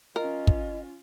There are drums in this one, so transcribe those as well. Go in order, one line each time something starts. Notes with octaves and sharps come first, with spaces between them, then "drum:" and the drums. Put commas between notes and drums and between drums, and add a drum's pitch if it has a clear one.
C#4 F4 A#4 D#5
drum: kick